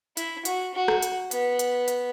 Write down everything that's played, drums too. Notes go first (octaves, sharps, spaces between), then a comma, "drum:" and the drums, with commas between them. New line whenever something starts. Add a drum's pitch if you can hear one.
E4, drum: hi-hat
F#4, drum: hi-hat
F#4
drum: rim click
drum: hi-hat
B3, drum: hi-hat
drum: hi-hat
drum: hi-hat